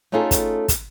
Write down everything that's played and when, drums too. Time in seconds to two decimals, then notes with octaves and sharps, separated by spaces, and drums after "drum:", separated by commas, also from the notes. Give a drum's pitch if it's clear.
0.12 A3 C#4 D#4 F4 G#4 A4
0.31 drum: kick, hi-hat
0.68 drum: kick, hi-hat